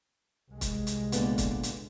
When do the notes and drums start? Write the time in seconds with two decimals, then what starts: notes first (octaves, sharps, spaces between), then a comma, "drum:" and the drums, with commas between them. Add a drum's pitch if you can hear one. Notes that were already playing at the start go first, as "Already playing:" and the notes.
0.52 C2 G#3
0.61 drum: kick, hi-hat
0.87 drum: hi-hat
1.12 A#2 D3 B3, drum: hi-hat
1.38 drum: kick, hi-hat
1.63 drum: hi-hat